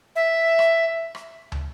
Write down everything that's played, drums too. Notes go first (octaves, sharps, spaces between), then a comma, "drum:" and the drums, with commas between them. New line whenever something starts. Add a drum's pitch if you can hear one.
E5
drum: rim click
drum: rim click
drum: tom